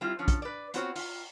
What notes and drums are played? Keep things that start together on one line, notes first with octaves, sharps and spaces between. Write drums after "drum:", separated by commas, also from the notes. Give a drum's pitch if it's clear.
G3 C4 E4 F4 G4
E3 F3 C#4 D4
drum: kick, hi-hat
B4 D5
B3 C4 F4 F#4 C5 C#5, drum: hi-hat
F4, drum: open hi-hat